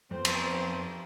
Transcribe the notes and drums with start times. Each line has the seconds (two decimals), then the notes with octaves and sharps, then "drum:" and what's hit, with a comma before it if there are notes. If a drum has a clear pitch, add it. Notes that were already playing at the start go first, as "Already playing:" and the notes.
0.11 F2 B3 C4 C5
0.25 drum: cymbal